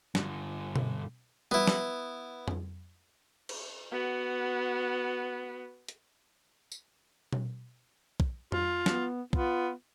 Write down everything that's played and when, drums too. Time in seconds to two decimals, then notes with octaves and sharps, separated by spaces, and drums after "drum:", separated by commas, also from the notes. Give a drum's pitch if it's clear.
0.15 G2 D3, drum: snare
0.76 drum: tom B2
1.51 B3 E4, drum: tom G3
1.67 drum: snare
2.48 drum: tom F2
3.49 drum: cymbal
3.92 B3 F#4
5.88 drum: hi-hat
6.72 drum: tambourine
7.33 drum: tom B2
8.20 drum: kick
8.52 F4, drum: tom F2
8.86 B3, drum: snare
9.33 B3 F4, drum: kick